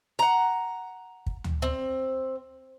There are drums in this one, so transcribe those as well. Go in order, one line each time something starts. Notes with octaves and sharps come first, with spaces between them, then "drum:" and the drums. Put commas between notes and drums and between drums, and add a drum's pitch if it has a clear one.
F#5 A#5
drum: kick
drum: tom D2
C4